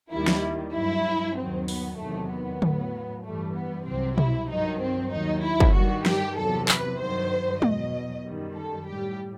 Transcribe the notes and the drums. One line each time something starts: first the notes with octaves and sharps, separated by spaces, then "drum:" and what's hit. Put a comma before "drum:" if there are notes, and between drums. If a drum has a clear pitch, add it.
D#2 D#3 G3 E4
drum: snare
G2 F#3 E4
D#2 D#3 F#3 C4
B3, drum: open hi-hat
E2 C3 D#3 F#3 A3
B3
A2 F#3, drum: tom D3
G2 E3 G3 A3
B3
C2 C3 F#3 C4
E4, drum: tom B2
G2 D#3 F#3 D#4
C4
D#2 D#3 F#3 D#4
E4
drum: kick
G2 D#3 G3 F#4
G4, drum: snare
E2 C3 F#3 A4
B4, drum: clap
G2 D#3 F#3 C5
E2 B2 F#3 D#5, drum: tom G#3
F#2 D#3 G3
A4
A2 G3 G4